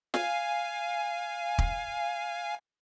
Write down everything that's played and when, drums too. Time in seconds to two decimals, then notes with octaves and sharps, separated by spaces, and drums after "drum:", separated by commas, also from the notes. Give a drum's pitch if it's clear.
0.14 F5 G#5, drum: snare
1.58 drum: kick